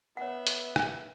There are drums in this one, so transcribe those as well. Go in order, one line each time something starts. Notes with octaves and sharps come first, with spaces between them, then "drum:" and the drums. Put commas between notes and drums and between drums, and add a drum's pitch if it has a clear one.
B3 C#5 E5 F#5
drum: hi-hat
drum: rim click